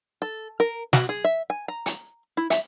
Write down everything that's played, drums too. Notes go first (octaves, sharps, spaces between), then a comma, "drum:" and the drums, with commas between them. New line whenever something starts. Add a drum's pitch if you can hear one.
A4
A#4
F#4, drum: snare
G#4
E5
G#5
A#5
drum: hi-hat
E4
E5, drum: hi-hat